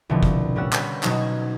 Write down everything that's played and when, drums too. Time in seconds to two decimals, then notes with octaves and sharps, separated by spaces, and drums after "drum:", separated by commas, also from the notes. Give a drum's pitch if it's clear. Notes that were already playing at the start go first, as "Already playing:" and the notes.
0.10 C2 B2 D3 F3
0.23 drum: kick F#1
0.56 A#2 G3 C#4 F#5 E6
0.73 B4, drum: clap
1.03 B2 F#3 D#4, drum: clap
1.21 G#6